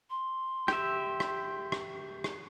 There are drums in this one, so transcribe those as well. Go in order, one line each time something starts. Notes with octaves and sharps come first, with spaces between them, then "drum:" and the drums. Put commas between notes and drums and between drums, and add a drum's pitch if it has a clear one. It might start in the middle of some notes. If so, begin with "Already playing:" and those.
C6
G4 E5, drum: rim click
drum: rim click
drum: rim click
drum: rim click